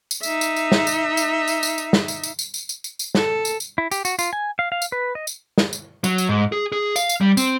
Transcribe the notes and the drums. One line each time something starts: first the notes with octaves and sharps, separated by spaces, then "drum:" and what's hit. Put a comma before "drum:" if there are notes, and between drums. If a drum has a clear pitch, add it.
drum: tambourine
D#4 E5, drum: tambourine
drum: tambourine
drum: tambourine
drum: snare
drum: tambourine
drum: tambourine
drum: tambourine
drum: tambourine
drum: tambourine
drum: snare
drum: tambourine
drum: tambourine
drum: tambourine
drum: tambourine
drum: tambourine
drum: tambourine
drum: tambourine
A4, drum: snare
drum: tambourine
drum: tambourine
E4
G4, drum: tambourine
F#4, drum: tambourine
F4, drum: tambourine
G#5
F5
F5
drum: tambourine
B4
D#5
drum: tambourine
drum: snare
drum: tambourine
F#3, drum: tambourine
drum: tambourine
G#2
G#4
G#4
F5, drum: tambourine
drum: tambourine
G3
C4, drum: tambourine